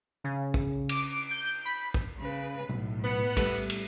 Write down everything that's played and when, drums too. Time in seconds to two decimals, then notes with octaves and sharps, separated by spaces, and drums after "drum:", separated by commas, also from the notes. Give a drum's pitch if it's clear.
0.24 C#3
0.54 drum: kick
0.89 D6, drum: cymbal
1.10 D7
1.31 G6
1.65 B5
1.94 drum: kick
2.19 C#3 B4
2.69 B1 A2
3.03 B3
3.37 G3 A3, drum: kick, cymbal
3.70 drum: cymbal